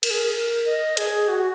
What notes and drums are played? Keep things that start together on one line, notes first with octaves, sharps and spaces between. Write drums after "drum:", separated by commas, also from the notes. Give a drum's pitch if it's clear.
A#4, drum: cymbal
G#4
A#4
D#5
G#4, drum: hi-hat
F#4